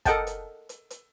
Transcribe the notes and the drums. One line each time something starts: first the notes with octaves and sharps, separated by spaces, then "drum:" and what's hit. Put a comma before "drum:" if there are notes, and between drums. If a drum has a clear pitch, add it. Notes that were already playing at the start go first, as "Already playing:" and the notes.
A4 A#4 D#5 F#5 G5 A5, drum: kick, hi-hat
drum: hi-hat
drum: hi-hat
drum: hi-hat